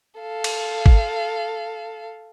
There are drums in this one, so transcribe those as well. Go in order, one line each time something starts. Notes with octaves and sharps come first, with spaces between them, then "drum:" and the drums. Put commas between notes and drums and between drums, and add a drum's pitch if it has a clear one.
A4 F5
drum: cymbal
drum: kick